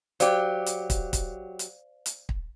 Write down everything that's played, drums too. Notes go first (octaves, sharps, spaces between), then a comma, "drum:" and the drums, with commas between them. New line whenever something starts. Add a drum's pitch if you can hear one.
F#3 G4 C5 D5 F5, drum: hi-hat
drum: hi-hat
drum: kick, hi-hat
drum: kick, hi-hat
drum: hi-hat
drum: hi-hat
drum: kick